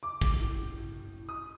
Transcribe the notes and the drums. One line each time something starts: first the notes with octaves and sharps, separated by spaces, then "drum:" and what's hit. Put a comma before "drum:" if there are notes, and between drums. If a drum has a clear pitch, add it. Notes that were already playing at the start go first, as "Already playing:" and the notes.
D6
drum: kick
A2
D#6